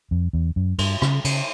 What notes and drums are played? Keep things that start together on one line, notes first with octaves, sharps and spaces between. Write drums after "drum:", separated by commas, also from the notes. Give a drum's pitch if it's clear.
F2
E2
F#2
G2, drum: cymbal
C#3, drum: rim click
C#3, drum: cymbal